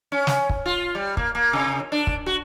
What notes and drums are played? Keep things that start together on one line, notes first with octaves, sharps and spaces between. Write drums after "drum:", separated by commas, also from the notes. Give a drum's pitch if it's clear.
C#4
drum: snare
drum: kick
F4
G3
A#3, drum: kick
A#3
C3
D4
drum: kick
F#4